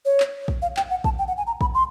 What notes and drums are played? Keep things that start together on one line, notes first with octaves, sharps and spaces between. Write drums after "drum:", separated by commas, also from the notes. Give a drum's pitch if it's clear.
C#5
drum: clap
drum: kick
F5
G5, drum: clap
F#5
A5, drum: kick
G5
F#5
G#5
A#5
B5, drum: kick
C6